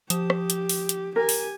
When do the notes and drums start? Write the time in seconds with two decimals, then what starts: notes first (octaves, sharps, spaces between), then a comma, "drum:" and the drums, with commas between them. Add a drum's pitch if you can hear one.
0.10 F3 G4 D#6 E7, drum: hi-hat
0.30 drum: rim click
0.50 drum: hi-hat
0.69 drum: open hi-hat
0.89 drum: hi-hat
1.16 G4 A#4 G#5
1.29 drum: open hi-hat